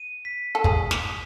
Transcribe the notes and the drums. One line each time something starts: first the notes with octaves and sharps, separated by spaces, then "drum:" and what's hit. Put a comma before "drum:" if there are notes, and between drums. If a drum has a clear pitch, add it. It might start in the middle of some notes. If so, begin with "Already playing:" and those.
Already playing: D#7
B6
A4
G#4 D#6, drum: kick
drum: snare
D#6